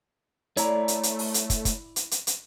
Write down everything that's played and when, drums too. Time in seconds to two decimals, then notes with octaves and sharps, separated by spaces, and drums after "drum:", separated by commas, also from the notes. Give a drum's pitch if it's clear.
0.57 A3 E4 C#5 D5 A#5, drum: hi-hat
0.88 drum: hi-hat
1.03 drum: hi-hat
1.19 drum: open hi-hat
1.34 drum: hi-hat
1.50 drum: kick, hi-hat
1.65 drum: kick, hi-hat
1.96 drum: hi-hat
2.11 drum: hi-hat
2.27 drum: hi-hat